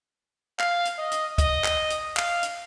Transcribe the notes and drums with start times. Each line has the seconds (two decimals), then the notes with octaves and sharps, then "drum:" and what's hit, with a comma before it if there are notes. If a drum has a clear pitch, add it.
0.59 F5, drum: clap
0.85 drum: hi-hat
0.98 D#5
1.12 drum: hi-hat
1.38 D#5, drum: kick, hi-hat
1.64 drum: clap
1.90 drum: hi-hat
2.17 F5, drum: clap
2.43 drum: hi-hat